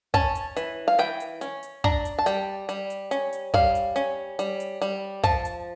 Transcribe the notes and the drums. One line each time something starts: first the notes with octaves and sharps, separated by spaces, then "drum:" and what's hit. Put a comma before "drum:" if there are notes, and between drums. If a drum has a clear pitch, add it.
C#4 A5, drum: kick, hi-hat
drum: hi-hat
E3, drum: hi-hat
F5
E3 G5, drum: hi-hat
drum: hi-hat
C#4, drum: hi-hat
drum: hi-hat
D4 A#5, drum: kick
drum: hi-hat
A5
G3 G5, drum: hi-hat
G3, drum: hi-hat
drum: hi-hat
C#4, drum: hi-hat
drum: hi-hat
G3 F5, drum: kick
drum: hi-hat
C#4, drum: hi-hat
G3, drum: hi-hat
drum: hi-hat
G3, drum: hi-hat
F3 A5, drum: kick, hi-hat
drum: hi-hat